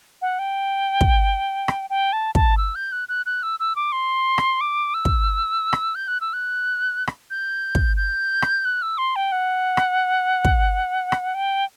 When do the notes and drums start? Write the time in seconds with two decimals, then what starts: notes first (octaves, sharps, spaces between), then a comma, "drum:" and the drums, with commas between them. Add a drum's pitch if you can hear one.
0.22 F#5
0.39 G5
1.01 drum: kick
1.68 drum: rim click
1.90 G5
2.13 A5
2.35 A5, drum: kick
2.57 E6
2.75 G6
2.92 F#6
3.09 F#6
3.26 F#6
3.43 E6
3.60 E6
3.76 D6
3.92 C6
4.38 drum: rim click
4.61 D6
4.94 E6
5.05 drum: kick
5.73 drum: rim click
5.95 G6
6.08 F#6
6.21 E6
6.33 F#6
7.07 drum: rim click
7.30 G6
7.75 drum: kick
7.97 G6
8.42 drum: rim click
8.65 F#6
8.82 E6
8.98 C6
9.16 G5
9.32 F#5
9.77 drum: rim click
10.45 drum: kick
11.12 drum: rim click
11.34 G5